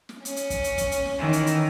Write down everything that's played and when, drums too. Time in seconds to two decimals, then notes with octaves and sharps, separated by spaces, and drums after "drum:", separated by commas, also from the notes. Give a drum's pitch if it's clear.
0.09 drum: snare
0.25 C#4, drum: hi-hat
0.36 drum: hi-hat
0.50 drum: kick, hi-hat
0.64 drum: hi-hat
0.78 drum: kick, hi-hat
0.92 drum: hi-hat
1.05 drum: snare
1.19 D#3 E3
1.33 drum: hi-hat
1.47 drum: hi-hat